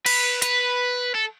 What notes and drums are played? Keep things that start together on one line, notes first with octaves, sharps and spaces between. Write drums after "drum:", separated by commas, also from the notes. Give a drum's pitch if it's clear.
B4, drum: cymbal
B4, drum: hi-hat
A4